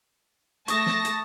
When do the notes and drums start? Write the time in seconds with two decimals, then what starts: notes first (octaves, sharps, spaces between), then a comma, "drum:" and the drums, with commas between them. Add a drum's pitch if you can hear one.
0.68 A3 A5 C#6 D#6 A#6, drum: hi-hat
0.86 drum: snare
1.05 drum: hi-hat